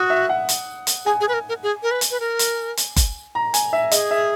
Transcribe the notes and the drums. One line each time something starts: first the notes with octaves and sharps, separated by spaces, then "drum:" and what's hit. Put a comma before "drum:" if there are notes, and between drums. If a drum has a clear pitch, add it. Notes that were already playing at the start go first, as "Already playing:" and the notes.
Already playing: F#4 D#6
E5
F#5
drum: hi-hat
drum: hi-hat
G#4 G#5
G#4
B4
A#4
A#4
G#4
A#4
B4
drum: hi-hat
B4
A#4
drum: hi-hat
drum: hi-hat
drum: kick F#1, hi-hat
A#5
G#5, drum: hi-hat
E5
G#4 D#5, drum: hi-hat
E5